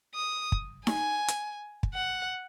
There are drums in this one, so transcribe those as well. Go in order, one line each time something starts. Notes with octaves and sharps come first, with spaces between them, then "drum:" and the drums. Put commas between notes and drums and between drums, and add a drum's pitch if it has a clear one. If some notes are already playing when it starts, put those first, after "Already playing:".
D#6
drum: kick
G#5, drum: snare D#4
drum: hi-hat
drum: kick
F#5